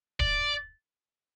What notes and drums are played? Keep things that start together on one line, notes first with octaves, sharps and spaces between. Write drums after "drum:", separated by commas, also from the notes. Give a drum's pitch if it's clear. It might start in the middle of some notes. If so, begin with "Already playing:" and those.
D5, drum: kick D1